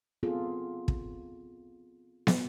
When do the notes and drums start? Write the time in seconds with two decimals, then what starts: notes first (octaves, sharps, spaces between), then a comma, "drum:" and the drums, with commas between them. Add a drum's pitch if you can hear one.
0.23 B3 C4 F4 G#4 A4
0.88 drum: kick
2.27 drum: snare